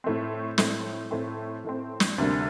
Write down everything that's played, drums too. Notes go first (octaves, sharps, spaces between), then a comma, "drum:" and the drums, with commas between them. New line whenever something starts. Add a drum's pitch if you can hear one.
A2 A3 C4
A2 A3 C4, drum: snare
A2 A3 C4
A2 A3 C4
drum: snare
D2 C3 G3 A#3 D4